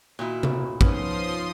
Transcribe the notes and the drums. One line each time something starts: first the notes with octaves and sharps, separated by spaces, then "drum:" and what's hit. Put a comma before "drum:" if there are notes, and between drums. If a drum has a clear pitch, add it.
A#2 D#3 E4 F#4
drum: tom C3
F3 B3 C#4 D#4 C6 D#6, drum: kick